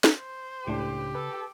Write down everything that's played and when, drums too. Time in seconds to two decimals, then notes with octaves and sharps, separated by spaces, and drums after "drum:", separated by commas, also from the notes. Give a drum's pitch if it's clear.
0.04 drum: snare
0.17 C5
0.67 C#2 A2 C#3 D4 G4
1.15 A4 B4